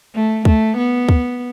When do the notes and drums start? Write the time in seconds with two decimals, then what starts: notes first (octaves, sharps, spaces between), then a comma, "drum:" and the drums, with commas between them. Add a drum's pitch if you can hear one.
0.14 A3
0.45 A3, drum: kick C#2
0.77 B3
1.09 drum: kick C#2